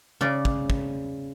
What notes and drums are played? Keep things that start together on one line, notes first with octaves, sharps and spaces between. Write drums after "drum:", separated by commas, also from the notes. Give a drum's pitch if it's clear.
C#3 D5
drum: kick
drum: kick